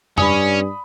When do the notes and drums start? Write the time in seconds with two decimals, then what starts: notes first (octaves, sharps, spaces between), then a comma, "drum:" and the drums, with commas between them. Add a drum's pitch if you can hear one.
0.18 G2 C#4 D5 G#5 B5 D#6, drum: tom F2